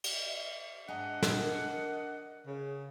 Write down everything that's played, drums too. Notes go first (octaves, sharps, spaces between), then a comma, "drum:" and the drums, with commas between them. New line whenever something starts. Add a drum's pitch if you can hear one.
drum: cymbal
G#2 D4 D#5 F#5 G#5 A#5
drum: snare
A#4
C#3